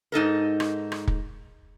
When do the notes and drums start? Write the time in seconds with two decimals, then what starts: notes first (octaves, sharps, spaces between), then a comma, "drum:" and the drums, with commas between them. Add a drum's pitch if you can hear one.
0.12 G#2 D#4 A4 A#4
0.60 drum: rim click
0.92 drum: rim click
1.08 drum: kick